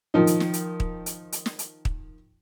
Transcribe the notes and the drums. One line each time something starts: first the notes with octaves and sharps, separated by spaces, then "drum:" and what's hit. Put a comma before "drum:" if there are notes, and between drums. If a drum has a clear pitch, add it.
D#3 F3 D#4
drum: hi-hat
drum: snare
drum: hi-hat
drum: kick
drum: hi-hat
drum: hi-hat
drum: snare
drum: hi-hat
drum: kick